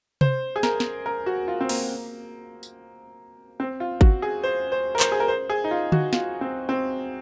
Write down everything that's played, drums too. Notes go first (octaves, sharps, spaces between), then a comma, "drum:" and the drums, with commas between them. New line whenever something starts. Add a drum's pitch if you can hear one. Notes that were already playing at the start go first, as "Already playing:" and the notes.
C5, drum: tom C3
G#4
A#4, drum: snare
drum: snare
A#4
F#4
F4
C4
A#3, drum: open hi-hat
drum: tambourine
C4
F4
F#4, drum: kick G#1
G#4
C5
C5
A#4
C5, drum: clap
G#4
A#4
C5
G#4
D#4
F4
F#4, drum: tom D3
F4, drum: snare
C4
C4